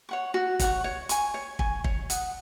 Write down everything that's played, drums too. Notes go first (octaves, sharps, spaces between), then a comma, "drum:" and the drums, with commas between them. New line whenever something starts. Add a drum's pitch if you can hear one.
C#5 F#5 C#6
F#4
C#5 F#5 C#6, drum: kick, hi-hat
C#5
G#5 C#6, drum: hi-hat
C#5
G#5 C#6, drum: kick
C#5, drum: kick
F#5 D#6, drum: hi-hat